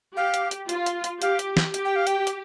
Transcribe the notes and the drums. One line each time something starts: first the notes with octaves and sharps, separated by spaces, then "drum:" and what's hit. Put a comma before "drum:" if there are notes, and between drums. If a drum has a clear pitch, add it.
G4 F5
drum: hi-hat
drum: hi-hat
F4, drum: hi-hat
drum: hi-hat
drum: hi-hat
G4 F5, drum: hi-hat
drum: hi-hat
drum: snare
G4, drum: hi-hat
G5
F5
G5, drum: hi-hat
drum: hi-hat